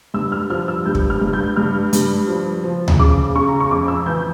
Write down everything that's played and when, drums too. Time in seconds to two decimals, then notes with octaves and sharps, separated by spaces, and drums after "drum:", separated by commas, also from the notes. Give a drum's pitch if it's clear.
0.14 G2 E6
0.32 F6
0.50 F3 F6
0.68 E6
0.85 G2 G6
0.95 drum: kick
1.10 F6
1.21 G2
1.33 G6
1.56 G2 F6
1.93 G2, drum: hi-hat
2.28 F3
2.64 F3
2.88 drum: tom D2
2.99 C#3 D6
3.36 C#3 C#6
3.48 A#5
3.60 C#6
3.71 F2 D6
3.88 E6
4.06 E3 G6